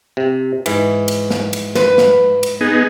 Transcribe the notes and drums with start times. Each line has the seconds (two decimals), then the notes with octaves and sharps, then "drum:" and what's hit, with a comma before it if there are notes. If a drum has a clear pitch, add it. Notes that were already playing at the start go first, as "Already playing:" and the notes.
0.17 C3
0.66 G#2 E3, drum: cymbal
1.08 drum: cymbal
1.30 drum: snare
1.53 drum: cymbal
1.75 B4, drum: snare
1.98 drum: snare
2.43 drum: cymbal
2.61 B3 D#4 G#4